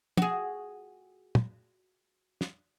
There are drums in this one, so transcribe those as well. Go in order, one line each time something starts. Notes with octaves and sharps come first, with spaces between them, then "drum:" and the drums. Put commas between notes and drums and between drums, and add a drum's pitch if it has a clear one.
F#4 G#4, drum: tom
drum: tom
drum: snare